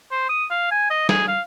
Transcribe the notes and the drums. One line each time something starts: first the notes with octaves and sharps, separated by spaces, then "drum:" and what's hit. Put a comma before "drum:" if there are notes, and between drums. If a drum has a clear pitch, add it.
C5
D#6
F5
G#5
D#5
G#4, drum: snare
F5